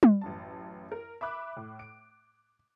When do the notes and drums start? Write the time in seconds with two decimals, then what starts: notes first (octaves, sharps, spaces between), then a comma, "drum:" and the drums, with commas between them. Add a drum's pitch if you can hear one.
0.03 drum: tom G3
0.21 A1 F#2 A5
0.92 A#4
1.21 E5 B5 D6 F#6
1.57 A2
1.79 D7